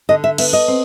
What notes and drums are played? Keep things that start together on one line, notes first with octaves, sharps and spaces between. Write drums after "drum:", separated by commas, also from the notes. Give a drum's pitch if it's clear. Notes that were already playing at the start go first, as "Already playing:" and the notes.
D3 D#5
E5
B3 E5, drum: cymbal
D#5
C4